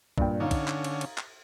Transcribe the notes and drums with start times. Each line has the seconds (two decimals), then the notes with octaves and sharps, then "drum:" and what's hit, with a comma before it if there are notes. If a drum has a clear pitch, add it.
0.18 G2 A#2 G5, drum: kick
0.40 D3 C#4 D#4 F5
0.51 drum: kick, cymbal
0.68 drum: clap
0.84 drum: cymbal
1.01 drum: cymbal
1.18 drum: clap